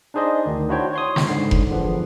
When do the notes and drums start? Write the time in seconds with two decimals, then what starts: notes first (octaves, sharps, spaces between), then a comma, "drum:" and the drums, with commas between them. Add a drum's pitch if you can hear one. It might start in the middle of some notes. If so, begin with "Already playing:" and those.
0.14 D4 D#4 G#4 C5 D5 D#5
0.46 D2 D#3
0.69 D4 E4 F#4 C5 C#5 G5
0.93 C#5 C6 D#6
1.16 drum: snare
1.27 G#2 D3 C7
1.51 drum: kick F1
1.71 E2 D3 F3 B3